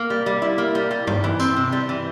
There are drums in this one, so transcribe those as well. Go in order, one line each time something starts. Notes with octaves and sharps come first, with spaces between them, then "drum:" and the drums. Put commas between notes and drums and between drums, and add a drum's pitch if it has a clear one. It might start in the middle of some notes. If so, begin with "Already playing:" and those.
Already playing: A#3
G3
G3
E4
A#3
G3
G3
G3, drum: tom G2
E3
C4, drum: tambourine
C3
G3
E3